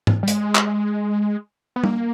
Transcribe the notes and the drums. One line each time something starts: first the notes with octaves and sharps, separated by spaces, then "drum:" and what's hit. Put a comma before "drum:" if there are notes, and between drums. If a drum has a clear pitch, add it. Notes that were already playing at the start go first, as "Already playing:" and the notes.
drum: tom G#2
G3
G#3, drum: hi-hat
drum: clap
B3
A#3, drum: tom